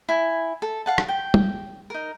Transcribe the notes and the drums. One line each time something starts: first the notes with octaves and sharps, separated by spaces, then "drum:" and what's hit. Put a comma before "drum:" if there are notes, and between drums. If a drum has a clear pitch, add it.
E4 G#5
A4
F5 F#5 A5
drum: rim click
G5
drum: tom
D#4 A#4